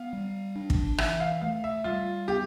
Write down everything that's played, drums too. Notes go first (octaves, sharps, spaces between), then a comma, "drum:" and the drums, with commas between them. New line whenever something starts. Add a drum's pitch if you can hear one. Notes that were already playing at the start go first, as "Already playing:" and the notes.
Already playing: B3 F5
G3
D4
drum: kick
E3 E5, drum: rim click
F5
A3 F5
E5
G3 F4
B3 G4